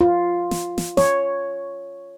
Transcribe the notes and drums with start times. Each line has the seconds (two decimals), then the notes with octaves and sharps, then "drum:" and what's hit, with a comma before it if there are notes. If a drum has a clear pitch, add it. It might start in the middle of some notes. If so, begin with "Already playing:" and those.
0.01 F4
0.51 drum: snare
0.78 drum: snare
0.97 C#5, drum: snare